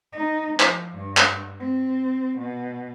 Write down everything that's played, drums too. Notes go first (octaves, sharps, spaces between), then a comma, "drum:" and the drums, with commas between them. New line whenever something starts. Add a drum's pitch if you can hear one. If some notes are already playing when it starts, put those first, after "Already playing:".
D#4
F3, drum: clap
G2
drum: clap
C4
B2